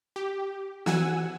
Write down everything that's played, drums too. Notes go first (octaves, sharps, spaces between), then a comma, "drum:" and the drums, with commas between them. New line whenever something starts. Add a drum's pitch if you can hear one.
G4
E3 F#4 F#5 G#5 E6, drum: snare